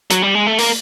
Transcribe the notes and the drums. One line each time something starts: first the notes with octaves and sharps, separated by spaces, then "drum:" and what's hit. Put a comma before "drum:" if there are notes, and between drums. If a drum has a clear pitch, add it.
F#3, drum: hi-hat
G3
G#3
A3
A#3, drum: open hi-hat